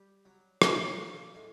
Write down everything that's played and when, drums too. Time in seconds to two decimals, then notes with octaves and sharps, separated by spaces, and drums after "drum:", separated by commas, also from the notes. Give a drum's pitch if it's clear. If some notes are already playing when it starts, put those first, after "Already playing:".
Already playing: G3 G4
0.25 F#3
0.62 A2, drum: rim click
0.98 F3
1.35 A2 G#3 G#4